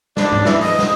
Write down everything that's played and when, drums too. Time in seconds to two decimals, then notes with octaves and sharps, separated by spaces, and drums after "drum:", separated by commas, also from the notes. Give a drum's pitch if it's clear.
0.17 D4, drum: snare
0.32 drum: tom G#2
0.45 E3, drum: snare
0.61 D#5, drum: open hi-hat
0.79 drum: snare